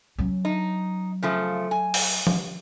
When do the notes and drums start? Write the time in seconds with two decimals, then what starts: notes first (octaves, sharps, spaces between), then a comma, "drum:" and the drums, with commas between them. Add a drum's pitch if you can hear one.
0.19 F#3 C#4
0.45 D#4
1.23 C#3 F3 A3
1.71 G#5
1.94 drum: open hi-hat
2.27 drum: tom F3